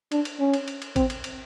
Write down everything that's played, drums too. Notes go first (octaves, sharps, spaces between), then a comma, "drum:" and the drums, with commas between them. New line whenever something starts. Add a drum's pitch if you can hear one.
D4, drum: cymbal
drum: cymbal
C#4
drum: cymbal
drum: cymbal
drum: cymbal
C4, drum: kick A1, cymbal
drum: cymbal
drum: cymbal